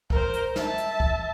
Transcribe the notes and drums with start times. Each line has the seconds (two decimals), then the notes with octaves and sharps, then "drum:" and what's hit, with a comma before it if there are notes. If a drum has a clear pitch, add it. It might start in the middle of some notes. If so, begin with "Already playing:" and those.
0.10 A#4 C5, drum: kick
0.34 drum: hi-hat
0.56 E5 A5, drum: snare
0.78 drum: hi-hat
1.00 drum: kick